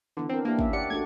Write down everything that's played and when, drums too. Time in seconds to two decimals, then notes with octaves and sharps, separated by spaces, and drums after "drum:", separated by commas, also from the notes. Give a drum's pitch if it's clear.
0.17 D3 E3 B3
0.29 C4 D4 A#4
0.45 A#3 D4 E4 G4
0.59 C#4 E5, drum: kick
0.73 G4 D5 F#5 C#7
0.90 A3 D4 F#4 G#6